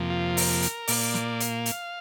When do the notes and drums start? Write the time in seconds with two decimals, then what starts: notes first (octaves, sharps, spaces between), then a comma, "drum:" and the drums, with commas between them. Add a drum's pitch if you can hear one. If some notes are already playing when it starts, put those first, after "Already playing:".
Already playing: F2 C3 F3 A#3
0.10 F4
0.37 A#4, drum: open hi-hat
0.62 drum: hi-hat
0.88 A#2 A#3 D5, drum: open hi-hat
1.14 drum: snare
1.40 F5, drum: hi-hat
1.66 drum: hi-hat